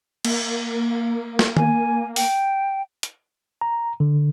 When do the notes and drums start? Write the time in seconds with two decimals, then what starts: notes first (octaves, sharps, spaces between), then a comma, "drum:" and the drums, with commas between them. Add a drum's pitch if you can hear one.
0.25 A#3, drum: cymbal
1.39 drum: snare
1.57 G#5, drum: tom D#3
2.16 G5, drum: open hi-hat
3.03 drum: hi-hat
3.61 A#5
4.00 D3